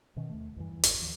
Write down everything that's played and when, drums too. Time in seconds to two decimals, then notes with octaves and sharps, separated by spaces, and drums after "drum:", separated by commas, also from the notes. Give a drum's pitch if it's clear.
0.16 B2 D#3 C#4
0.30 D#2 A3
0.56 E2 G2 E3
0.83 G#1, drum: hi-hat
0.99 D#2 F3